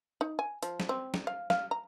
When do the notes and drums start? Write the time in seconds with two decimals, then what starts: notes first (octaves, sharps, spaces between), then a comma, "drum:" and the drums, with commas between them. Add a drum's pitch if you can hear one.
0.21 D#4
0.39 G#5
0.63 F3, drum: hi-hat
0.80 drum: snare
0.89 C4
1.14 drum: snare
1.27 F5
1.50 F5, drum: snare
1.71 A#5